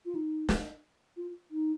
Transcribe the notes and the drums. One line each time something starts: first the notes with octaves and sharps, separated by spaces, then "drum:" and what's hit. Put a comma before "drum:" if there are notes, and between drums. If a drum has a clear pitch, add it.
F4
D#4
drum: snare
F4
D#4